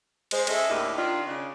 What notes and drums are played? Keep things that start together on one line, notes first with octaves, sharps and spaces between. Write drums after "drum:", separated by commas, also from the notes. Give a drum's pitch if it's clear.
G#3 C5, drum: cymbal
G#3 C#4 A4 D#5 E5, drum: cymbal
D#2 A2 D4 A#4 D#5
D#3 D4 F4
C#3 D4